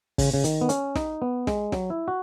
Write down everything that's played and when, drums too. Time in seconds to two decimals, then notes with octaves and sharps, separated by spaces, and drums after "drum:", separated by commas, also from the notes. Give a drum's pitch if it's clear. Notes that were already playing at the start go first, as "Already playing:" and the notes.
0.18 C#3, drum: kick, open hi-hat
0.34 C#3
0.44 D#3, drum: hi-hat
0.61 B3
0.69 C#4, drum: hi-hat
0.95 D#4, drum: snare
1.22 B3
1.47 G#3, drum: snare
1.72 F#3, drum: snare
1.90 E4
2.08 F#4